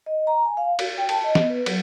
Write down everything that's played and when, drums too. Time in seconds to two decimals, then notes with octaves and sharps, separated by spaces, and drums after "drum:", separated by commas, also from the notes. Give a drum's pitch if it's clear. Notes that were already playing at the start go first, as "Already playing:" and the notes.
0.06 D#5
0.27 A#5
0.45 G#5
0.57 F5
0.79 F#4, drum: cymbal
0.98 G5
1.09 A5, drum: cymbal
1.24 D#5
1.35 B3, drum: snare
1.50 B4
1.66 F#3, drum: cymbal